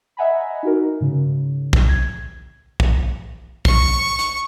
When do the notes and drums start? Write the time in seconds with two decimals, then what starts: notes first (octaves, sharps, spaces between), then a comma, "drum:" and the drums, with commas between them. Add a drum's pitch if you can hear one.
0.17 D#5 E5 F#5 G#5 A#5 B5
0.63 D#4 F#4 A#4
1.01 G#2 C#3
1.73 drum: kick
1.89 G#6
2.80 drum: kick
3.65 C#6, drum: kick
4.19 drum: hi-hat